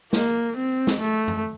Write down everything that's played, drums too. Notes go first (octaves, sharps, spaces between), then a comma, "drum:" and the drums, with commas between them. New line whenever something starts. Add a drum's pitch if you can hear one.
A#3, drum: snare
C4
drum: snare
A3
drum: tom F#2